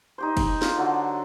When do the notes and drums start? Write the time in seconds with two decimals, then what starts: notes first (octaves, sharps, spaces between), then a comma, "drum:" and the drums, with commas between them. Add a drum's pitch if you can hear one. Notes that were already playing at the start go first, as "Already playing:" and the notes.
0.18 D#4 G4 C5
0.37 drum: kick, cymbal
0.62 F4, drum: snare
0.77 D3 F#3 A4